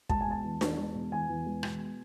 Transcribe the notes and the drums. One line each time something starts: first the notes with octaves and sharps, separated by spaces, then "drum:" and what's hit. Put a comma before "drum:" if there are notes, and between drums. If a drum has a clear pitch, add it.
G#3 A5, drum: kick
G#5
B2 A5
E2
E2, drum: snare D4
G#3
B2
E2 G#5
E2
G#3
B2, drum: rim click